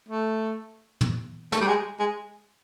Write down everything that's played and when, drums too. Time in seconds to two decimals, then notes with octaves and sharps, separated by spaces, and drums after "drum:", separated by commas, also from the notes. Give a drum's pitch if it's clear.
0.09 A3
1.01 drum: tom
1.52 A3, drum: snare
1.61 G3
1.68 G#3
2.00 G#3